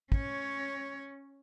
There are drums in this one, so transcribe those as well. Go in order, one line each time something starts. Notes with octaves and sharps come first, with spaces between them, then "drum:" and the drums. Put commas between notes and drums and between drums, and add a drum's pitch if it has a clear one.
C#4 C#5, drum: kick